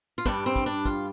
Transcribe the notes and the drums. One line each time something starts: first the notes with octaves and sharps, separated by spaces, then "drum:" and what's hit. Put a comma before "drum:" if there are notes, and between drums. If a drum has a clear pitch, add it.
F4
G2 G3 D4, drum: kick, hi-hat
C4
drum: kick, hi-hat
D4
F4, drum: kick